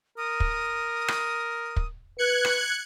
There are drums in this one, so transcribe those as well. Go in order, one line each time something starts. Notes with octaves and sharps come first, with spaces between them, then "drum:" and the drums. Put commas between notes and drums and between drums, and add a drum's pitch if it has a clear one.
A#4 D#6
drum: kick
drum: rim click
drum: kick
B4 F#6 G#6 C#7
drum: rim click